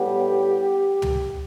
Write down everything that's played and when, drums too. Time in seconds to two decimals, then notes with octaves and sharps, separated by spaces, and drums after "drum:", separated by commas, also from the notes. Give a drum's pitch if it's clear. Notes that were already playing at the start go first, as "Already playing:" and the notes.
Already playing: A2 G3 B3 G4
1.02 drum: tom